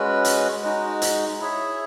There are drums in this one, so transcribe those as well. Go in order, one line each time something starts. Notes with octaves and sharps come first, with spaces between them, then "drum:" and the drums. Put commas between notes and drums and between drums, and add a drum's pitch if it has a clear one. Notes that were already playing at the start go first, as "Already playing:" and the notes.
Already playing: G#3 C#4 F#4 B4
drum: hi-hat
G#3 D#4 F#4
drum: hi-hat
E4 G#4 C#5 E5